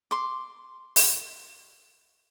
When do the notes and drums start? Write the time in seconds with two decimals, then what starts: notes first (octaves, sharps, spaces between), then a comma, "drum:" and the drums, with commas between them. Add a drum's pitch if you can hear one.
0.11 C6 D6
0.96 drum: open hi-hat